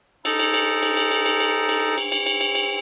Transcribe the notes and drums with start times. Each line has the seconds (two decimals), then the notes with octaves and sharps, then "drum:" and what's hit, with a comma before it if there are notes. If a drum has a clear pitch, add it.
0.25 D#4 A4, drum: cymbal
0.39 drum: cymbal
0.54 drum: cymbal
0.82 drum: cymbal
0.97 drum: cymbal
1.11 drum: cymbal
1.26 drum: cymbal
1.40 drum: cymbal
1.69 drum: cymbal
1.97 drum: cymbal
2.12 drum: cymbal
2.26 drum: cymbal
2.41 drum: cymbal
2.55 drum: cymbal